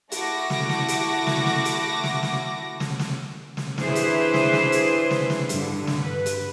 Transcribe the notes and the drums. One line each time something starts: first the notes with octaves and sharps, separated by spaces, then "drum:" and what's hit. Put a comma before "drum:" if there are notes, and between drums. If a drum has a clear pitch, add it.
A3 E4 F#4 D6 A#6, drum: hi-hat
drum: snare
drum: snare
drum: hi-hat
drum: snare
drum: snare
drum: hi-hat
drum: snare
drum: snare
drum: snare
drum: snare
drum: snare
E3 D4 E4 G#4 B4 C5, drum: snare
drum: hi-hat
drum: snare
drum: snare
drum: hi-hat
drum: snare
drum: snare
G2 D3, drum: hi-hat
drum: snare
B4
drum: hi-hat